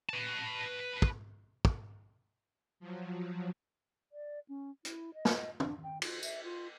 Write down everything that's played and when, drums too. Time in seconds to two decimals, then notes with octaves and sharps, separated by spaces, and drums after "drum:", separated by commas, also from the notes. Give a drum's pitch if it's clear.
0.09 B4 A5
1.02 drum: kick
1.65 drum: kick
2.80 F3 F#3
4.12 D5
4.49 C#4
4.85 E4, drum: hi-hat
5.14 D#5
5.25 drum: snare
5.60 D4, drum: tom
5.83 G5
6.02 F4, drum: cymbal
6.23 E5, drum: tambourine
6.44 F4